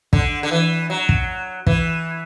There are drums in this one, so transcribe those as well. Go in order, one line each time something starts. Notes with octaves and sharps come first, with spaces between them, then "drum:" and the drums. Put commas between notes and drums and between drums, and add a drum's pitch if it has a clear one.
D3, drum: kick
D3
E3
F#3
drum: kick
E3, drum: kick